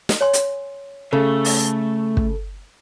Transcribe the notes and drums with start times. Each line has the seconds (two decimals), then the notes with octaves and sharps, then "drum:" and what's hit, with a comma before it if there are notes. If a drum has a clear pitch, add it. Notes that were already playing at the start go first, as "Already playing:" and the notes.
0.09 drum: snare
0.21 C#5 G#5 C6
0.33 drum: hi-hat
1.13 C#3 A3 A4 E5
1.45 drum: open hi-hat
2.17 drum: kick